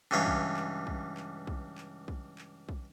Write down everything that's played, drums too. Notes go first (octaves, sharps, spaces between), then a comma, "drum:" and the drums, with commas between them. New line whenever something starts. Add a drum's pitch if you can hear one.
C#2 G2 E3 C#5 F5
drum: kick
drum: clap
drum: kick
drum: clap
drum: kick
drum: clap
drum: kick
drum: clap
drum: kick